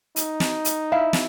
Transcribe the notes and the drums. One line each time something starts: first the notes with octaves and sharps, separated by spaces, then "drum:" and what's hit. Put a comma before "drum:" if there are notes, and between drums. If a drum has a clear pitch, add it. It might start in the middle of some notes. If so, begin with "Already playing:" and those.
D#4, drum: hi-hat
drum: snare
drum: hi-hat
E4 E5 F5
drum: snare